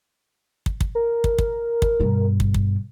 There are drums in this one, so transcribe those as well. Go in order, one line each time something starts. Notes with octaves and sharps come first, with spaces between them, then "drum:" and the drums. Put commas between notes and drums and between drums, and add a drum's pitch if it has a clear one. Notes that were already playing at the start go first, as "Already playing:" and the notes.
drum: kick
drum: kick
A#4
drum: kick
drum: kick
drum: kick
G2 B2
drum: kick
drum: kick